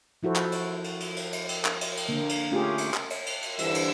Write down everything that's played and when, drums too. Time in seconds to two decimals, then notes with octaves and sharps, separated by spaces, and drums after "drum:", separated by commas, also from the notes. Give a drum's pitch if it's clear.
0.23 F3 E4 F#4 A4 C5
0.36 drum: clap
0.52 drum: cymbal
0.84 drum: cymbal
1.00 drum: cymbal
1.16 drum: cymbal
1.33 drum: cymbal
1.49 drum: cymbal
1.65 drum: clap
1.81 drum: cymbal
1.97 drum: cymbal
2.09 D3 A#3
2.29 drum: cymbal
2.51 A3 C#4 F4 G4 G#4
2.78 drum: cymbal
2.94 drum: clap
3.10 drum: cymbal
3.26 drum: cymbal
3.42 drum: cymbal
3.59 G2 D3 E3 C5 E6, drum: cymbal
3.75 drum: cymbal